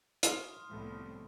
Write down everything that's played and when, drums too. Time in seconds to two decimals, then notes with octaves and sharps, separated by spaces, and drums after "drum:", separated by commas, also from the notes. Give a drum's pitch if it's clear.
0.23 E4 F#4 C#5 C6 D#6 F6, drum: hi-hat
0.70 C2 A2 F3 A3 B3